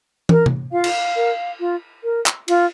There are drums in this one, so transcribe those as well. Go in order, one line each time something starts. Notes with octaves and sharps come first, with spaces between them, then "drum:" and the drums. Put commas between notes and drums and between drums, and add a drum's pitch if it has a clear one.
A#4, drum: tom
drum: tom C3
F4 F5
drum: cymbal
A#4
F4
A#4
drum: clap
F4, drum: cymbal